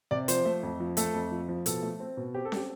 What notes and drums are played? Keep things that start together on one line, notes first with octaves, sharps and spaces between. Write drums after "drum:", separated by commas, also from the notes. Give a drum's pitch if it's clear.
C3 D5
F3 C5, drum: hi-hat
A3
F2
F3
A3 A4, drum: hi-hat
F2
F3
F3
B2 A4, drum: hi-hat
A3
C4
B2
C4 G4
A4
C4 G4, drum: snare C#4